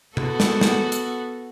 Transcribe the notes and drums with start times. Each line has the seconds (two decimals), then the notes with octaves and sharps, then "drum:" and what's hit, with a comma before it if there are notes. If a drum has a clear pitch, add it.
0.17 B3 F#4 A4, drum: tom C3
0.40 drum: snare
0.61 drum: snare
0.92 drum: hi-hat